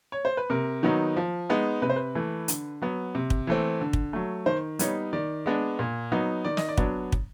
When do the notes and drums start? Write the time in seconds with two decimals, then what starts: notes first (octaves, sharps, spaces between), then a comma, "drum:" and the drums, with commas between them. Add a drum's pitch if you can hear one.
0.12 C#5
0.25 C5
0.37 B4
0.50 C3 A#4
0.83 D#3 F#3 B3 D#4
1.17 F3
1.50 G#3 B3 D#4
1.82 C3 B4
1.90 C5
1.96 B4
2.15 E3 A3
2.48 D3, drum: hi-hat
2.82 F#3 B3
3.15 C3
3.30 drum: kick
3.47 E3 A3 C4
3.81 D3
3.93 drum: kick
4.13 F#3 A3
4.46 D#3 C5
4.79 G3 B3 D#4 C#5, drum: hi-hat
5.13 D#3 D5
5.46 G#3 B3 D4
5.79 A#2
6.12 F#3 B3 D#4
6.45 D#3 D5
6.57 D#5, drum: snare
6.69 D5
6.78 F#3 B3 D4, drum: kick
7.12 drum: kick